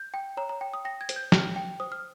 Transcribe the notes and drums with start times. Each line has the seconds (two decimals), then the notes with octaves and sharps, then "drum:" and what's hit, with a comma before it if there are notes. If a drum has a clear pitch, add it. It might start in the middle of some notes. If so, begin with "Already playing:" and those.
Already playing: G6
0.14 G5
0.37 C#5 A#5
0.49 A#5
0.61 G5
0.74 D#6
0.85 G5 A#6
1.01 G#6
1.09 C5, drum: hi-hat
1.16 G6
1.32 G5 F6, drum: snare
1.56 G5
1.80 C5 D#6
1.92 F6